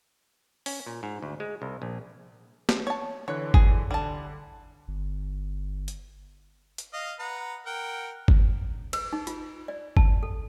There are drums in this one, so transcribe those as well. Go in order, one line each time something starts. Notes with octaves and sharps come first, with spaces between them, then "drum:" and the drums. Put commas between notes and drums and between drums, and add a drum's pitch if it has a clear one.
C#4, drum: open hi-hat
A#2
G#2
D2
G#3
C2
A#1
drum: snare
C#5 A5
D3 E3 C#5 F#6
G#4, drum: kick G1
D3 G3 A5
G1
drum: hi-hat
drum: hi-hat
D#5 F5
B4 F#5 A#5
A#4 F#5 G5
drum: kick G1
B4, drum: cymbal
D#4
F4, drum: hi-hat
D5
A5, drum: kick G1
A4